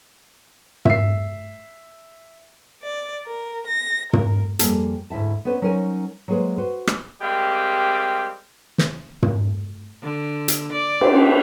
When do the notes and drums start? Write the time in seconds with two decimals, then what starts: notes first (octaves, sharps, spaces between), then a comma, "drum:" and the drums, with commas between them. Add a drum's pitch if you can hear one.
0.85 E5 C7, drum: tom
2.84 D5
3.27 A#4
3.67 A#6
4.13 A#4, drum: tom
4.59 F2 G3 A#3 G#4 A5, drum: hi-hat
5.10 D2 G#2 E4 E5 A5
5.45 B3 C#4 B4 C5
5.62 F#3 C#4 D#4 A#4 C5 G#5
6.28 F#3 G#3 A#3 G#4 B4 C5
6.58 F#4 B4 C5
6.87 drum: rim click
7.22 G3 G#3 A#3 C4 G4
8.78 drum: snare
9.23 drum: tom
10.02 D3
10.48 drum: hi-hat
10.72 D5
11.01 drum: cymbal